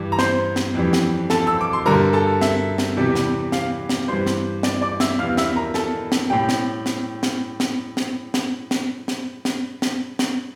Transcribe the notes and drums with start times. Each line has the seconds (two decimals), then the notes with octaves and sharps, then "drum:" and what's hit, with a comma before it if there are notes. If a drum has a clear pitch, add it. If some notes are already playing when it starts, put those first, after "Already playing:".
Already playing: G2 E3 G3
0.12 A#5
0.19 C5 C6, drum: snare
0.56 drum: snare
0.74 F2 E3 G3
0.93 drum: snare
1.30 A4 A5, drum: snare
1.47 E6
1.61 D6
1.73 C6
1.85 G2 D3 G3 A#4 A#5
2.13 A4 A5
2.41 E5, drum: snare
2.78 drum: snare
2.97 E2 C3 E3 G3
3.15 drum: snare
3.52 F5, drum: snare
3.89 drum: snare
4.08 G2 E3 G3 C5 C6
4.26 drum: snare
4.63 D5 D6, drum: snare
4.81 D5 D6
5.00 E5 E6, drum: snare
5.19 E2 E3 G3 F5 F6
5.37 E5 E6, drum: snare
5.56 A#4 A#5
5.74 A4 A5, drum: snare
6.12 drum: snare
6.30 A2 G3 G4 G5
6.49 drum: snare
6.86 drum: snare
7.23 drum: snare
7.60 drum: snare
7.97 drum: snare
8.34 drum: snare
8.71 drum: snare
9.08 drum: snare
9.45 drum: snare
9.82 drum: snare
10.19 drum: snare